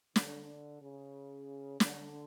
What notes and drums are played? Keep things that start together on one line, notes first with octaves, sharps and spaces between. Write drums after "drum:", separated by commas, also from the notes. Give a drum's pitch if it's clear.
D3, drum: snare
C#3
D3, drum: snare